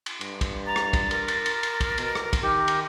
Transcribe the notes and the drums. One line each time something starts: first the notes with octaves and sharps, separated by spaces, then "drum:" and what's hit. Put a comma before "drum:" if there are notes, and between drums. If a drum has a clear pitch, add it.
drum: cymbal
G2, drum: cymbal
drum: kick, cymbal
A#5 A6
drum: rim click
drum: kick, cymbal
A#4, drum: cymbal
drum: cymbal
drum: cymbal
drum: cymbal
drum: kick, cymbal
B2, drum: cymbal
drum: rim click
drum: kick, cymbal
D#3 G4
drum: cymbal